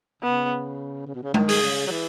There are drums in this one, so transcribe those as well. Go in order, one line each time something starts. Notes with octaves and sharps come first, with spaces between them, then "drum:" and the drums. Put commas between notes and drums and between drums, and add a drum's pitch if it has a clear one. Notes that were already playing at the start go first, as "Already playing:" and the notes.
C#3 B3
C#3
B2
C#3
D#3, drum: tom G#3
G#4, drum: open hi-hat
C#3
F#3
E3